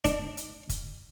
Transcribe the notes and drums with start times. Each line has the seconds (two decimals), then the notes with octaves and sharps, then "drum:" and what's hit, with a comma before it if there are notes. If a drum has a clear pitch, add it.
0.05 D4, drum: kick, hi-hat
0.37 drum: hi-hat
0.69 drum: kick, hi-hat